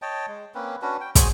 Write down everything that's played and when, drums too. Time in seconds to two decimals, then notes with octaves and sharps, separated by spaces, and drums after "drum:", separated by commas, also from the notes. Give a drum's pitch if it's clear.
0.02 C#5 D#5 G5 A5
0.28 G#3
0.55 A#3 C4 C#4 B4
0.82 C#4 D4 F#4 B4
1.01 G5
1.15 F#4 G#4 C5 G#5, drum: kick, hi-hat